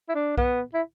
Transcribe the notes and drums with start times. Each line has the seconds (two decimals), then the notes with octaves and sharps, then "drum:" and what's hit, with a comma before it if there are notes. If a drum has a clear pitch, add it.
0.09 E4
0.15 D4
0.38 B3, drum: kick
0.74 E4